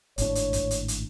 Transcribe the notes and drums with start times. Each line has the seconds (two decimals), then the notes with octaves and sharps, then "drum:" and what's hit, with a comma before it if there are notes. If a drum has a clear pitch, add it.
0.18 G#1 A2 D4 C#5, drum: hi-hat
0.35 drum: hi-hat
0.53 drum: kick, hi-hat
0.71 drum: hi-hat
0.88 drum: hi-hat